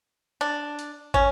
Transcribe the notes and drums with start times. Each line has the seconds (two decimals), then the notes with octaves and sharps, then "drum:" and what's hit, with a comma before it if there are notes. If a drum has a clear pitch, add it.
0.41 D4
0.79 drum: hi-hat
1.14 C#4, drum: kick